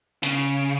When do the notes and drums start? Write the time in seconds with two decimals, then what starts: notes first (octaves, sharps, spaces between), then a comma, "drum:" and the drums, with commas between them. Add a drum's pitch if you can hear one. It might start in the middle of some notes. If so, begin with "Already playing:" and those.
0.23 C#3, drum: hi-hat